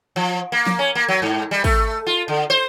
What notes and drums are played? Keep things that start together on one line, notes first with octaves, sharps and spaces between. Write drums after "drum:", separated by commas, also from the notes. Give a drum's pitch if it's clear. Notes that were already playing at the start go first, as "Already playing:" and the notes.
F3
A#3
drum: snare
C#4
A#3
F#3
G#2
G3
A3, drum: kick, open hi-hat
F4
D3
C5